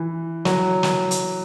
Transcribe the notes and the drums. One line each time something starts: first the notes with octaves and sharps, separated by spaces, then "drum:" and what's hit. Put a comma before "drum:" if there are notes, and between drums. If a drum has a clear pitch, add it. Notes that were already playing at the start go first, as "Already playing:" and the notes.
Already playing: E3
F#3, drum: snare
drum: snare
drum: hi-hat